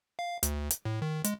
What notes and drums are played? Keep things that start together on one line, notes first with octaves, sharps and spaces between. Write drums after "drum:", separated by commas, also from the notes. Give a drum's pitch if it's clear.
F5
D2, drum: hi-hat
drum: hi-hat
A2
D#3
G#3, drum: hi-hat